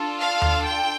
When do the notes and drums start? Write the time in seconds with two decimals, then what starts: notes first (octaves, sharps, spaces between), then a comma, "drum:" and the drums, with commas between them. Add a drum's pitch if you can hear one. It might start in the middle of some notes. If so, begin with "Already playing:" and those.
Already playing: D4 F4 A4
0.19 F5
0.42 drum: tom D#2
0.64 G5